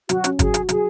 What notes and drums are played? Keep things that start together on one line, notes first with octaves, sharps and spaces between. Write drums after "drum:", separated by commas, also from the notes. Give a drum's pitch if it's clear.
F#3 F#4, drum: hi-hat
C#4, drum: hi-hat
F#3 G#4, drum: kick, hi-hat
F#4, drum: hi-hat
F#3 G#4, drum: hi-hat